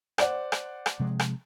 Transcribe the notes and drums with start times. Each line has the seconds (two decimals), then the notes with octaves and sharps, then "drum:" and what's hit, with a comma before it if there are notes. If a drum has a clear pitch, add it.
0.18 C5 D5 F#5, drum: rim click
0.52 drum: rim click
0.86 drum: rim click
1.00 C3 F3 G#3
1.19 drum: rim click